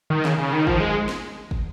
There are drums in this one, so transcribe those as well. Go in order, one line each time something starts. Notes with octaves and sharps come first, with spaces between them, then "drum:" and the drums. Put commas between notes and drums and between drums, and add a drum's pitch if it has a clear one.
D#3
C#3, drum: snare
C#3
D#3
F3, drum: kick
G#3
drum: snare
drum: kick